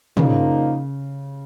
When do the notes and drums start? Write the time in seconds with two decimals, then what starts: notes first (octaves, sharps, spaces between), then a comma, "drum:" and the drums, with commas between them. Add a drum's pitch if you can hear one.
0.17 A#2 C#3 F3 A#3 D#4, drum: tom